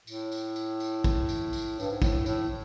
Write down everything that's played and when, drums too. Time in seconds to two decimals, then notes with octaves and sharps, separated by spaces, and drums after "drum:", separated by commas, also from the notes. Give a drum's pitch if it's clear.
0.07 A2, drum: tambourine
0.32 drum: tambourine
0.56 drum: tambourine
0.80 drum: tambourine
1.04 drum: kick, tambourine
1.29 drum: tambourine
1.53 drum: tambourine
1.80 G2, drum: tambourine
1.91 G#2
2.02 A2, drum: kick, tambourine
2.26 A2, drum: tambourine